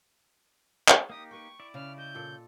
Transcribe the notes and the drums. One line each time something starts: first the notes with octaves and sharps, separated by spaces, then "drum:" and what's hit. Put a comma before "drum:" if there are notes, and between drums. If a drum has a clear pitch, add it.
drum: clap
A#3 D#4 G4 D#6
B4 G5 C#6
E4 D5
C#3 F6
D#5 G6
A#2 A4